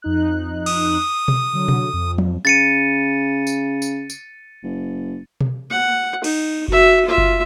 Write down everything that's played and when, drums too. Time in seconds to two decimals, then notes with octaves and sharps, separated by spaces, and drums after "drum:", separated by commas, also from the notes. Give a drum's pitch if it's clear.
0.02 F2 D#4 F#6
0.66 D#6, drum: cymbal
1.28 drum: tom
1.53 D3 F#3
1.68 drum: tom
1.93 F2
2.18 drum: tom
2.45 C#3 A6 C#7 D#7
3.47 drum: tambourine
3.82 drum: tambourine
4.10 drum: tambourine
4.63 F#1
5.41 drum: tom
5.71 F#5
6.24 D#4, drum: cymbal
6.68 F#4 E5, drum: kick F#1
7.06 F4 E5
7.18 drum: kick F#1